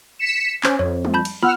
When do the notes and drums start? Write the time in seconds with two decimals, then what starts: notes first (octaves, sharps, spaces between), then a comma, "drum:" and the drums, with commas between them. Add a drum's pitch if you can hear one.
0.19 B6 C#7 E7
0.63 C#4 C5 G#6, drum: clap
0.79 F2 C#5
1.05 drum: tom G3
1.14 A5 B5 G6
1.25 drum: cymbal
1.43 B3 F4 F#5 B5 E6 F6